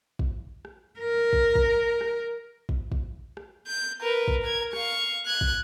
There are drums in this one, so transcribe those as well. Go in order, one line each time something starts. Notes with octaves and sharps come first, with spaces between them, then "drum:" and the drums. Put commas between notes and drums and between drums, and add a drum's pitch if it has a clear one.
drum: kick
drum: rim click
A#4
drum: kick
drum: kick
drum: rim click
drum: kick
drum: kick
drum: rim click
G6
A#4 B4
drum: kick
A#4 G#6
F5 C#6, drum: rim click
F#6 G#6
drum: kick